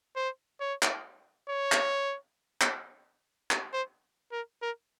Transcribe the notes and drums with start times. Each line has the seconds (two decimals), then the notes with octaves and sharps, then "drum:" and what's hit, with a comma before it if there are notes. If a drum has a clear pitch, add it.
0.16 C5
0.60 C#5
0.83 drum: clap
1.49 C#5
1.72 drum: clap
2.61 drum: clap
3.51 drum: clap
3.73 C5
4.32 A#4
4.62 A#4